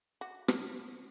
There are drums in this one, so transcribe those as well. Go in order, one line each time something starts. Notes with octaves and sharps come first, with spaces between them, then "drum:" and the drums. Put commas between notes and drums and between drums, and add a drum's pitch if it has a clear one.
F#4
drum: rim click